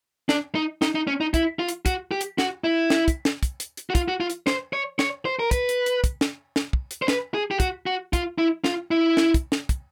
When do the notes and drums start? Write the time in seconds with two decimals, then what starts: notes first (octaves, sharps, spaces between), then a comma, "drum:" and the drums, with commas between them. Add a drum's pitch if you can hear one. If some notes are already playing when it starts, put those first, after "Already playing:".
0.29 D4, drum: snare
0.55 D#4
0.82 D#4, drum: snare
0.95 D#4
1.07 C#4
1.21 D#4
1.34 E4, drum: kick, hi-hat
1.59 F4
1.68 drum: hi-hat
1.86 F#4, drum: kick, hi-hat
2.11 G4
2.21 drum: hi-hat
2.38 F#4, drum: snare
2.64 E4
2.90 drum: snare
3.08 drum: kick, hi-hat
3.25 drum: snare
3.43 drum: kick, hi-hat
3.60 drum: hi-hat
3.77 drum: hi-hat
3.90 F#4
3.95 F4, drum: kick, hi-hat
4.08 F#4
4.20 F4
4.30 drum: hi-hat
4.47 C5, drum: snare
4.73 C#5
4.99 C#5, drum: snare
5.25 C5
5.39 A#4
5.51 B4, drum: kick, hi-hat
5.69 drum: hi-hat
5.86 drum: hi-hat
6.04 drum: kick, hi-hat
6.21 drum: snare
6.56 drum: snare
6.73 drum: kick
6.91 drum: hi-hat
7.02 C5
7.08 B4, drum: snare
7.34 G#4
7.51 G4
7.60 F#4, drum: kick, hi-hat
7.86 F#4
8.13 F4, drum: kick, hi-hat
8.38 E4
8.64 F4, drum: snare
8.91 E4
9.17 drum: snare
9.34 drum: kick, hi-hat
9.52 drum: snare
9.69 drum: kick, hi-hat